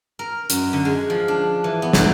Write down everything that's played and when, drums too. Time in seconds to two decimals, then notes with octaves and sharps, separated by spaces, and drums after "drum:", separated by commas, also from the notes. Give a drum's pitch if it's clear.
0.19 A#4
0.50 F#2, drum: hi-hat
0.73 D3
0.85 G#3
1.10 F3
1.28 D4
1.64 E3
1.82 B3
1.93 drum: snare